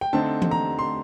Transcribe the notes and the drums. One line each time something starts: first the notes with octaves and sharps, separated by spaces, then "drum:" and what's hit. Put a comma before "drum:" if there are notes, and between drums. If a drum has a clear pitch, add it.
G5
D3 A3 C4 D#4 A5
drum: tom E3
A#5
C6